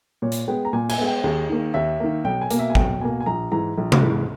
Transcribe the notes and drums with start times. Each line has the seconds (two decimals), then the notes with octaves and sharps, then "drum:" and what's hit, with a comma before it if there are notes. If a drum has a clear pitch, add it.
0.22 A#2 C#5
0.32 drum: hi-hat
0.48 G#3 B3 G5
0.65 A#5
0.73 A#2 G#5
0.89 G#5, drum: cymbal
0.98 G#3 B3
1.07 G5
1.24 D#2 G#4
1.49 D#3 A#3
1.74 D#2 E5
2.00 D#3 A#3
2.24 B1 G5
2.41 G#5
2.51 B2 A#3, drum: hi-hat
2.59 E5
2.70 G#5
2.75 B1 G5, drum: kick
3.01 B2 A#3 G#5
3.20 G#5
3.26 A#1 A#5
3.51 G#2 E3 A#5
3.78 A#1
3.92 drum: tom C3
4.03 G#2 E3